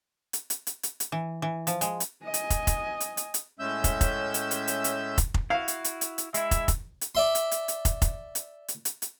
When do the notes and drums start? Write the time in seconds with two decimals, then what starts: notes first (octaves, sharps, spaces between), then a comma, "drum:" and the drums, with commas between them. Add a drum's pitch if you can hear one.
0.33 drum: hi-hat
0.50 drum: hi-hat
0.67 drum: hi-hat
0.83 drum: hi-hat
1.00 drum: hi-hat
1.12 E3
1.42 E3
1.67 F3, drum: hi-hat
1.81 G#3, drum: hi-hat
2.00 drum: hi-hat
2.24 D#5 G#5
2.34 drum: hi-hat
2.50 drum: kick, hi-hat
2.67 drum: kick, hi-hat
3.00 drum: hi-hat
3.17 drum: hi-hat
3.34 drum: hi-hat
3.59 A2 G#3 C#4 E5 E6 G6
3.84 drum: kick, hi-hat
4.01 drum: kick, hi-hat
4.34 drum: hi-hat
4.51 drum: hi-hat
4.68 drum: hi-hat
4.84 drum: hi-hat
5.18 drum: kick, hi-hat
5.34 drum: kick
5.50 E4 F#4 F5
5.68 drum: hi-hat
5.84 drum: hi-hat
6.01 drum: hi-hat
6.18 drum: hi-hat
6.34 G#3 E4 E5, drum: hi-hat
6.51 drum: kick, hi-hat
6.68 drum: kick, hi-hat
7.01 drum: hi-hat
7.15 D5 E5 C6
7.35 drum: hi-hat
7.52 drum: hi-hat
7.68 drum: hi-hat
7.85 drum: kick, hi-hat
8.02 drum: kick, hi-hat
8.35 drum: hi-hat
8.68 drum: hi-hat
8.85 drum: hi-hat
9.02 drum: hi-hat